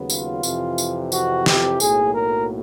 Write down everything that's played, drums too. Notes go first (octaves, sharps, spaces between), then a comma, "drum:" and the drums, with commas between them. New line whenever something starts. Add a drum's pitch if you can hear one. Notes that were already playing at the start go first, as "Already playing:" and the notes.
Already playing: D#2 C#3 F#3 B3
F4, drum: tambourine
F2 C3 E3, drum: tambourine
drum: tambourine
F#4, drum: tambourine
G4, drum: snare
B1 A2 F#3 A#3 G#4, drum: tambourine
A#4